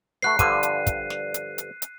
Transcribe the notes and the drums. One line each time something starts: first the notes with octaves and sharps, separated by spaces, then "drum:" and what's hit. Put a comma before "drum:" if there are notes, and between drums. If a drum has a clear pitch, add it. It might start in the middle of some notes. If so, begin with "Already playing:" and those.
A3 F#4 B4 F#6 C7
G2 D3 F3 D#7, drum: kick, hi-hat
drum: hi-hat
drum: kick, hi-hat
drum: snare
drum: hi-hat
drum: hi-hat
drum: hi-hat